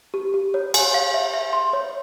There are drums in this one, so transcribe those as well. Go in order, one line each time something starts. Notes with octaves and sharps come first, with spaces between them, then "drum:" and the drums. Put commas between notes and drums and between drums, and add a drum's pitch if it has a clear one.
G4
G4
C#5
G#5, drum: cymbal
F5
E5
E5
C6
C#5